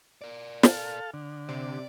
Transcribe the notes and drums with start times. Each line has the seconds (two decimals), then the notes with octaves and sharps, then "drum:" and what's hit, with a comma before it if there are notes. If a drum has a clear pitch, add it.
0.22 A#4 D5
0.63 A4 F5, drum: snare
1.13 D3
1.49 C3 D5